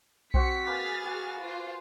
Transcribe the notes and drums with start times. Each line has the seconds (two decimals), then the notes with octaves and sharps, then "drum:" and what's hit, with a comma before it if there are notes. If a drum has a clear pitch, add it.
0.34 C4 F#4 B6 C#7, drum: kick B1
0.66 A#3 G#4 B4 F6 A6
1.06 F#4 G#5
1.40 F4 C5